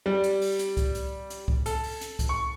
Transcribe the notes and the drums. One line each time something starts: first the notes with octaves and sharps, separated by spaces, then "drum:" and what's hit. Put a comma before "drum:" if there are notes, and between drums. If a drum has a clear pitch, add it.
G3
drum: hi-hat
drum: open hi-hat
drum: hi-hat
drum: kick C2, hi-hat
drum: hi-hat
drum: hi-hat
drum: kick C2
A4, drum: hi-hat
drum: open hi-hat
drum: hi-hat
drum: kick C2, hi-hat
C#6